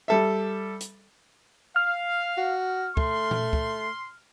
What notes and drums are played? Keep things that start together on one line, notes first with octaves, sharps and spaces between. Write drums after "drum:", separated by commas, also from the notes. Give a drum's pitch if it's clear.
G3 A4 E5
drum: hi-hat
F5 F6
F#4
A3 C6, drum: kick
drum: tom A#2
drum: kick